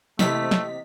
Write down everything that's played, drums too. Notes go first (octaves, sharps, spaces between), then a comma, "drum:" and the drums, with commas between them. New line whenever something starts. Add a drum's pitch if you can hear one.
C3 E3 A3 A#3 E4 D#5 B6, drum: snare
drum: snare